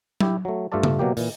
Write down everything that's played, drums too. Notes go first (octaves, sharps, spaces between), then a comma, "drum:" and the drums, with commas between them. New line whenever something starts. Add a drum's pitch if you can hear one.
E4 G4, drum: tom F#3
F#3 A3
G2 A3 F4 A4 D5 A5
drum: tom C#3
B2 F#3 A#3 G4
A#2 E3, drum: open hi-hat